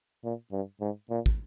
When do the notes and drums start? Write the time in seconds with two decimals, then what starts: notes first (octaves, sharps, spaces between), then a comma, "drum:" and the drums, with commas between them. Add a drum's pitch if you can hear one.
0.24 A#2
0.52 G2
0.81 G#2
1.10 A#2
1.26 drum: kick